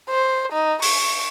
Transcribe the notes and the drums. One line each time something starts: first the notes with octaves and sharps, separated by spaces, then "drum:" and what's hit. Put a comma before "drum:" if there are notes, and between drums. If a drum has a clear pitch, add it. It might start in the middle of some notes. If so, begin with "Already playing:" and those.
C5
D#4
C#6, drum: open hi-hat